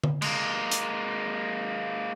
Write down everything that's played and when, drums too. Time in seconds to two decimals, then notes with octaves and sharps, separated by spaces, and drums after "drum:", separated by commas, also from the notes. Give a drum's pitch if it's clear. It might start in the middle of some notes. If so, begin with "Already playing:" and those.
0.04 drum: tom D3
0.22 G#3 A#3, drum: cymbal
0.71 drum: hi-hat